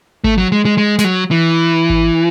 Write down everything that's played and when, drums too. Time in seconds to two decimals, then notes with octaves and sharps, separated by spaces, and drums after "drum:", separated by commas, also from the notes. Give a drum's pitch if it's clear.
0.24 A3, drum: kick G#1
0.38 F#3
0.52 G#3
0.65 G#3
0.78 G#3
0.99 G#3, drum: snare
1.04 F#3
1.31 E3
1.90 drum: kick G#1